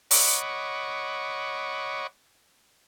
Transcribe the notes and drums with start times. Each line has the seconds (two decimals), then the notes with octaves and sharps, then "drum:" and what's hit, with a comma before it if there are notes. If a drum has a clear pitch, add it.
0.11 C#5 D#5 F#5 B5 C#6 D6, drum: open hi-hat